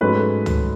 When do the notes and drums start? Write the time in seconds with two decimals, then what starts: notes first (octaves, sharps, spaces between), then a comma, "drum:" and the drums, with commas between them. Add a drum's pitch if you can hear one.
0.01 G#2 F#3 A3 C#4 B4
0.46 drum: tom C#2